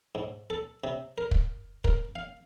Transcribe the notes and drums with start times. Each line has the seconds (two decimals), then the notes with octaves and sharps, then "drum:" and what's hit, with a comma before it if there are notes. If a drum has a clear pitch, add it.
0.15 G#2
0.50 A4
0.84 C3
1.18 A#4
1.31 drum: kick
1.84 A#4, drum: kick
2.15 F5